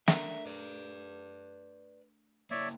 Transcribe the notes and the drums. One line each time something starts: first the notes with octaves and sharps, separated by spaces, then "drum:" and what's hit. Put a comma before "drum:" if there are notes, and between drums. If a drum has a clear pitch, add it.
A3 D4 A#4 E5, drum: snare
B4 D5
A#3 E4 C#5 D5 E5